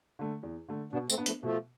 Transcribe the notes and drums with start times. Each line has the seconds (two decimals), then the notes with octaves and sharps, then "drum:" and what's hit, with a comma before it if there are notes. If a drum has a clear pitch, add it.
0.19 D3 A3
0.43 E2
0.69 D3 A3
0.93 B2 B3 D4
1.10 A3 C4, drum: tambourine
1.18 B3 D4
1.26 F3 A3, drum: hi-hat
1.42 B2 F3 A3